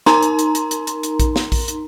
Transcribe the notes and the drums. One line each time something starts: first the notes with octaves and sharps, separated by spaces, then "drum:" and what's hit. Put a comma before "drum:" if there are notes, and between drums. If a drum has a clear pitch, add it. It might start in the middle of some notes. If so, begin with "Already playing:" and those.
D#4 A#4 A#5 C6, drum: snare
drum: hi-hat
drum: hi-hat
drum: hi-hat
drum: hi-hat
drum: hi-hat
drum: hi-hat
drum: kick A#1, hi-hat
drum: snare
drum: kick A#1, open hi-hat
drum: hi-hat